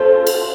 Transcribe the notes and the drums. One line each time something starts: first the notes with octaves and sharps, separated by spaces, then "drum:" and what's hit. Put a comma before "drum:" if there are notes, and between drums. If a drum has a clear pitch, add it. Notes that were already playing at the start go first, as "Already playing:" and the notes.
Already playing: C#4 F4 A4 C5
drum: cymbal